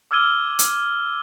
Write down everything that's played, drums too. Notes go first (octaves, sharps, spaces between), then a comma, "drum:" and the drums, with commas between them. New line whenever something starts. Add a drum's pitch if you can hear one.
D6 E6 F6 G#6 D#7 G7
drum: hi-hat